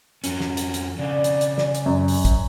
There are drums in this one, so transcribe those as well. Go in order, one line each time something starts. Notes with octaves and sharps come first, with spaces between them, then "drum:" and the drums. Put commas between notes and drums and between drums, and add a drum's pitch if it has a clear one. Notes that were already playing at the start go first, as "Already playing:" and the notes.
F2 C#4, drum: hi-hat
drum: snare
drum: hi-hat
drum: hi-hat
C#3 D4 D5
drum: hi-hat
drum: hi-hat
drum: snare
drum: hi-hat
F#2
drum: open hi-hat
drum: kick, hi-hat